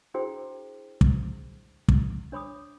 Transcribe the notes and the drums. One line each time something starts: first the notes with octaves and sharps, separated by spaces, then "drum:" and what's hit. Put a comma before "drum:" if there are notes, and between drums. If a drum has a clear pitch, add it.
D4 E4 F#4 G#4 C5 G5
drum: kick
drum: kick
D4 C#5 B5 D6 D#6